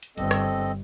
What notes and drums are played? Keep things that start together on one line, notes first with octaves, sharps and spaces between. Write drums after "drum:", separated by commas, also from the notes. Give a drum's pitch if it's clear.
drum: hi-hat
G1 C4 A4 D#5, drum: hi-hat
drum: rim click